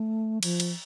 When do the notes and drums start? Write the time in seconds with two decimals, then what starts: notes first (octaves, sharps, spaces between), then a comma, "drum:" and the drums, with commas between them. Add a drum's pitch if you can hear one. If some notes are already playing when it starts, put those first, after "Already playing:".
Already playing: A3
0.43 F3, drum: cymbal
0.60 drum: cymbal